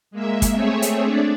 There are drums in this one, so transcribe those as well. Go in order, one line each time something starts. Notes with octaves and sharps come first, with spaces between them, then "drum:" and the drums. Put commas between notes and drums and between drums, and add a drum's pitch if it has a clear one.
G#3 A#3 E5
drum: kick, hi-hat
A3 C4 G#4 C#5 E5
drum: hi-hat
D4 D5